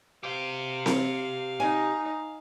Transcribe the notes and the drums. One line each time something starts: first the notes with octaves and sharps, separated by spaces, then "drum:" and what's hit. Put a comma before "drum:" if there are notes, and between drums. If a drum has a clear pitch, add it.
G4 C5 F5
drum: snare C4
D#4 G#5